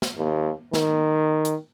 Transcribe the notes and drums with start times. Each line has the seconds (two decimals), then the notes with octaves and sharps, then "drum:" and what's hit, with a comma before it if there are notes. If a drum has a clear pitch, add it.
0.02 drum: snare
0.18 D#2
0.74 D#3, drum: snare
1.45 drum: hi-hat